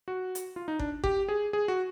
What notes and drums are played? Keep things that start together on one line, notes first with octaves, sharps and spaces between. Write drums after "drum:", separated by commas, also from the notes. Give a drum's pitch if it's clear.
F#4
drum: hi-hat
F4
D#4
D4, drum: kick G1
G4, drum: kick G1
G#4
G#4
F#4